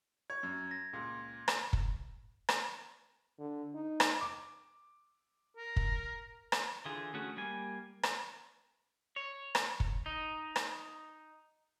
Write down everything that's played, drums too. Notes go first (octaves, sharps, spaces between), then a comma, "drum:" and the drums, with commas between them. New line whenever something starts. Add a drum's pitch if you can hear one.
C#5 G#6
F#2
A#6
C#2 A#2
drum: rim click
drum: kick
drum: rim click
D3
D#4
drum: rim click
D6
A#4
drum: kick
drum: rim click
D3 E3 F4 G#4
A3 C#4 F#4 G#4
G3 A#3 G#5
drum: rim click
C#5
drum: rim click
drum: kick
D#4
drum: rim click